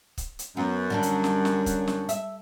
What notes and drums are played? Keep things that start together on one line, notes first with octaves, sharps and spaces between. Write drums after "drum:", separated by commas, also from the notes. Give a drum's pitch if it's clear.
drum: kick, hi-hat
drum: hi-hat
F#2 B3
D3 G3 D4
drum: hi-hat
drum: snare
drum: snare
drum: kick, hi-hat
drum: snare
E5, drum: hi-hat